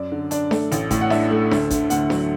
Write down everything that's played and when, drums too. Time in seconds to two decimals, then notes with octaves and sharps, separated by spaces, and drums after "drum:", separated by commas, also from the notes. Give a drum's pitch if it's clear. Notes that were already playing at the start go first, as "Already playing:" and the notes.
Already playing: F#2 D5
0.12 D3
0.31 D4 D5, drum: hi-hat
0.51 A3, drum: snare D4
0.72 A1, drum: hi-hat
0.91 A2, drum: kick, hi-hat
1.01 F#5
1.10 D4 E5, drum: snare D4
1.31 A3
1.51 D2, drum: snare D4
1.71 D3, drum: kick, hi-hat
1.90 D2 F#5, drum: hi-hat
2.10 F#3, drum: snare D4